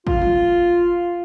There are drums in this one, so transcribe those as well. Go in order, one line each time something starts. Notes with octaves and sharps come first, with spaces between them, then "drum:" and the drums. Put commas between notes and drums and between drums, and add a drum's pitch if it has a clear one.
F4, drum: kick
drum: tom E3